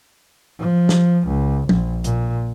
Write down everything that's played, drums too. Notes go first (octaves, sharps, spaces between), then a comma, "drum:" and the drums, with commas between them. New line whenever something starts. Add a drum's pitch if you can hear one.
F3
drum: snare
C#2
A#1, drum: tom F3
A#2, drum: hi-hat